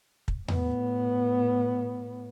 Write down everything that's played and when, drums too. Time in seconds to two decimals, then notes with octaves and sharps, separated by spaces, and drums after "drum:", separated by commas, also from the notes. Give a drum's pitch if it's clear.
0.28 drum: kick
0.48 A2 B3, drum: tom E2